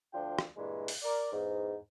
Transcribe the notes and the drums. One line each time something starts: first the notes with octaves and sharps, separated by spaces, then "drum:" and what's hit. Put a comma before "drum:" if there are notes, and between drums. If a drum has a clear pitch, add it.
D2 F3 D4 F4 G5
drum: rim click
G2 A#2 E3 G#3
drum: open hi-hat
A#4 D5
E2 G#2